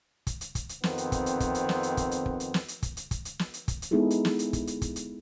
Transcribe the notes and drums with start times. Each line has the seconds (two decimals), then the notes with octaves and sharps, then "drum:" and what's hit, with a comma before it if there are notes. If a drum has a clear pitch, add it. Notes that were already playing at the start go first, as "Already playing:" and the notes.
0.27 drum: kick, hi-hat
0.41 drum: hi-hat
0.55 drum: kick, hi-hat
0.69 drum: hi-hat
0.83 F2 D#3 B3 C4, drum: snare
0.98 drum: hi-hat
1.12 drum: kick, hi-hat
1.26 drum: hi-hat
1.40 drum: kick, hi-hat
1.55 drum: hi-hat
1.69 drum: snare
1.83 drum: hi-hat
1.97 drum: kick, hi-hat
2.11 drum: hi-hat
2.26 drum: kick
2.40 drum: hi-hat
2.54 drum: snare
2.68 drum: hi-hat
2.83 drum: kick, hi-hat
2.97 drum: hi-hat
3.11 drum: kick, hi-hat
3.25 drum: hi-hat
3.39 drum: snare
3.54 drum: hi-hat
3.68 drum: kick, hi-hat
3.82 drum: hi-hat
3.91 G#3 B3 D#4 E4 G#4 A4
4.10 drum: hi-hat
4.25 drum: snare
4.39 drum: hi-hat
4.53 drum: kick, hi-hat
4.67 drum: hi-hat
4.82 drum: kick, hi-hat
4.96 drum: hi-hat